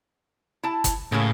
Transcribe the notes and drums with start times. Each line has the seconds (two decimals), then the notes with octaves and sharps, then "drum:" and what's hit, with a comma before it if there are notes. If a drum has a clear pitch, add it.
0.63 E4 A5
0.84 drum: kick F#1, hi-hat
1.12 A2 C#3 A#3 G#4